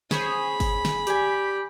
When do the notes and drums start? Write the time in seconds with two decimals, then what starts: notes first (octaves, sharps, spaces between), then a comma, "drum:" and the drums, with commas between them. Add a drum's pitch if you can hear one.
0.11 C#4 G#4 C5 C#5 B5, drum: snare
0.60 drum: kick, open hi-hat
0.85 drum: snare
1.07 G4 D5 G#5, drum: hi-hat